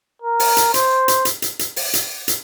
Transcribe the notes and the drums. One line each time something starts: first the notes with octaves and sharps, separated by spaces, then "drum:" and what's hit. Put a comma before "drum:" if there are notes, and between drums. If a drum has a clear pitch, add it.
A#4
drum: open hi-hat
drum: hi-hat
C5, drum: hi-hat
drum: hi-hat
drum: hi-hat
drum: hi-hat
drum: hi-hat
drum: open hi-hat
drum: hi-hat
drum: hi-hat